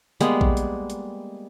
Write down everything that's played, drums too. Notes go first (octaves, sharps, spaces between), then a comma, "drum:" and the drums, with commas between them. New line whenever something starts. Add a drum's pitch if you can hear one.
G3 G#3 A#3 B3, drum: hi-hat
drum: kick A1
drum: hi-hat
drum: hi-hat